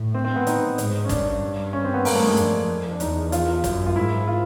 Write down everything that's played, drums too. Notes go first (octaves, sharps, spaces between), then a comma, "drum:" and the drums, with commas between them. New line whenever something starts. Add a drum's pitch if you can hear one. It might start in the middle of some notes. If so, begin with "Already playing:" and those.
Already playing: A2
C4
C4
B3
D#4, drum: hi-hat
G#2, drum: hi-hat
C#4
G2 D4, drum: kick, hi-hat
C#4
C4
B3
G2 A#3, drum: open hi-hat
A3
G#3
F2 D4, drum: hi-hat
D4
E2 D#4, drum: hi-hat
F4, drum: hi-hat
F#2, drum: kick, hi-hat
F4
G#2 E4
F4